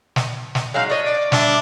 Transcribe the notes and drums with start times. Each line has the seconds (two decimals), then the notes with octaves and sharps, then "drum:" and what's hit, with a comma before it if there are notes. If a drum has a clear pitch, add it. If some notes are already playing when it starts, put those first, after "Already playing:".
0.16 drum: snare
0.55 drum: snare
0.74 F#3 G#3 D#4 F5
0.90 D4 C#5 D#5
1.04 D5
1.32 G3 D4 E5, drum: snare
1.48 D6